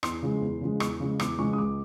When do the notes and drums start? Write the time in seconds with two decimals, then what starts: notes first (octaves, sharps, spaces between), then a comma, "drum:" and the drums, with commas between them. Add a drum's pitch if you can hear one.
0.03 E2 C6, drum: rim click
0.22 C#3 F3 G#3
0.41 E2
0.61 C#3 F3 G#3
0.80 E2 C#6, drum: rim click
1.00 C#3 F3 G#3
1.20 E2 D6, drum: rim click
1.39 C#3 F3 G#3 C#6
1.53 D#6
1.58 C#2 D6